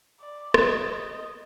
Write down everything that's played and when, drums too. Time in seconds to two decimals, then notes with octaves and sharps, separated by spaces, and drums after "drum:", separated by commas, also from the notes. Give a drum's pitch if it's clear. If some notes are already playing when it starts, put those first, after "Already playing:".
0.20 D5
0.54 D#5, drum: rim click
0.90 D#5